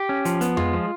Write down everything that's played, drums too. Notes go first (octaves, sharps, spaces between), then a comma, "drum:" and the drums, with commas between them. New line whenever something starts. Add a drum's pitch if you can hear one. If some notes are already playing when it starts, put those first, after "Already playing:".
Already playing: G4
C#4
F3, drum: hi-hat
B3, drum: hi-hat
G#3 F4, drum: tom F2
F3